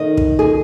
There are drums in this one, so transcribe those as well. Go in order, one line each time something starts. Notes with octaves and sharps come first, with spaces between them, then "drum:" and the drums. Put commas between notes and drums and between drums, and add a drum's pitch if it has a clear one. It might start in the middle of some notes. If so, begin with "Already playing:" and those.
Already playing: D#3 D#5
drum: kick
G#4